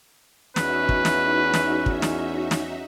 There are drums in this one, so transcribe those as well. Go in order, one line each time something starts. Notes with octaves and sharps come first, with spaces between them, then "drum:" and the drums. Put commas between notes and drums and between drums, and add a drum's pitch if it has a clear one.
E2 C#4 D#4 F#4 B4 E5, drum: snare
drum: kick
drum: snare
drum: snare
drum: kick
drum: snare
drum: snare